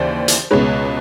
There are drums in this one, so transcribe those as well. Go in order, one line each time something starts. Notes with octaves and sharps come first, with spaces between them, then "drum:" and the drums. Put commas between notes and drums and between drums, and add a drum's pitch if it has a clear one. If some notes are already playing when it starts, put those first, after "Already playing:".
Already playing: D#2 C#3 E3 C5 D5
drum: hi-hat
C#2 B2 G#3 B4 C#5